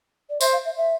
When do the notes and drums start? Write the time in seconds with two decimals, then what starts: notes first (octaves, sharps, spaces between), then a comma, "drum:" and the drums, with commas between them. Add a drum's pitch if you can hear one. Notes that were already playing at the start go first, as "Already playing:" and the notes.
0.30 D5
0.41 C5 E5, drum: tambourine
0.53 F5
0.65 E5
0.77 E5